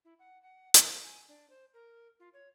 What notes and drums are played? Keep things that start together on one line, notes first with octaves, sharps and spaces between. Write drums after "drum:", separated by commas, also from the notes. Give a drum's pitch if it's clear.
E4
F#5
F#5
drum: hi-hat
C5
G#5
D4
C5
A#4
F4
C#5